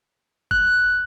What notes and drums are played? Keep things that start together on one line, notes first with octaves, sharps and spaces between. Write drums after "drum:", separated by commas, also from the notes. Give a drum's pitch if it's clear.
F#6, drum: kick F#1